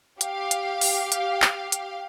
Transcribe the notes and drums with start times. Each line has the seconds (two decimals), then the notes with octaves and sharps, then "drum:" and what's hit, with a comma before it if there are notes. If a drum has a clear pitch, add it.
0.21 G4 F5, drum: hi-hat
0.51 drum: hi-hat
0.81 drum: open hi-hat
1.12 drum: hi-hat
1.42 drum: clap
1.72 drum: hi-hat